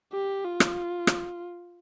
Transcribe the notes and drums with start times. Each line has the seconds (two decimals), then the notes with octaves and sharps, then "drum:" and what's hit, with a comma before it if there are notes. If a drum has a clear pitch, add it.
0.13 G4
0.45 F4
0.60 drum: rim click
1.07 drum: rim click